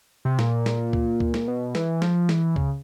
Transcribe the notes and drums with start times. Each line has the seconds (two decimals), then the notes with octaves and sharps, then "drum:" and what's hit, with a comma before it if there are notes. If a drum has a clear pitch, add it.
0.25 C3
0.39 A#2, drum: snare
0.66 drum: snare
0.93 drum: kick C#2
1.20 drum: kick C#2
1.34 drum: snare
1.48 B2
1.75 E3, drum: snare
2.02 F3, drum: snare
2.29 E3, drum: snare
2.56 C#3, drum: kick C#2